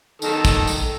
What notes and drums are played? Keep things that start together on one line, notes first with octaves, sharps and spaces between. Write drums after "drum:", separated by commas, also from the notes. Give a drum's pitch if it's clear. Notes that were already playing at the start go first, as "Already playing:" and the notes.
D#3 A4, drum: tambourine
drum: kick, tambourine
drum: tambourine